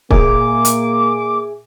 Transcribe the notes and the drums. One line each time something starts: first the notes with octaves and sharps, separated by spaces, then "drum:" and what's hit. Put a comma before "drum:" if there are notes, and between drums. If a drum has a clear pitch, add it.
A#2 A#3 G#4 E5 G#5 D6, drum: kick
drum: hi-hat